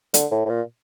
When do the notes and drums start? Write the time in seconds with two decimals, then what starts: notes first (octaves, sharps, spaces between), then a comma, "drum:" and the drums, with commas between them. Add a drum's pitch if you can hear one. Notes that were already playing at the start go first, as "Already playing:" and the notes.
0.14 D3, drum: hi-hat
0.32 A2
0.46 A2
0.49 A#2